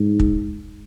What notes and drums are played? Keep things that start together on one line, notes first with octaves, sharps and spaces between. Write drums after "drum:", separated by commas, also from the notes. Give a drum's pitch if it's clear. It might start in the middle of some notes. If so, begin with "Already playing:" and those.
Already playing: G#2
drum: kick